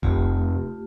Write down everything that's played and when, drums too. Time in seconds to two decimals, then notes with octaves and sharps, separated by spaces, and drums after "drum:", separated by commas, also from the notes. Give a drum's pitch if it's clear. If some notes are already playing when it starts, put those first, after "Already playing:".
0.03 F1 A3 F4 G4, drum: kick E1